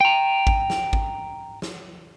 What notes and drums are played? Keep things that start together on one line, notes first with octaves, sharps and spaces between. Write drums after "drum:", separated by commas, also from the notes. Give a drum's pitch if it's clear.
G5 A#5
drum: kick G#1
drum: snare
drum: kick G#1
drum: snare